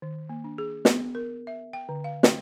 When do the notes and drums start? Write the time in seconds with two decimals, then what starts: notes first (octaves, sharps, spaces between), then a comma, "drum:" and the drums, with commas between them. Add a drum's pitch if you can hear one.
0.02 D#3
0.29 A#3
0.44 D4
0.58 G#4
0.85 B3, drum: snare
1.15 A#4
1.47 E5
1.73 G5
1.89 D3
2.04 F5
2.23 G5, drum: snare